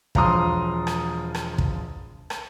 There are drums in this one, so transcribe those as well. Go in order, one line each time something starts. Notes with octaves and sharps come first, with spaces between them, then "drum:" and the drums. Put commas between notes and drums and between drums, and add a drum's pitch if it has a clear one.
E1 F3 A#5 C6 D#6, drum: kick
drum: rim click
drum: rim click
drum: kick
drum: rim click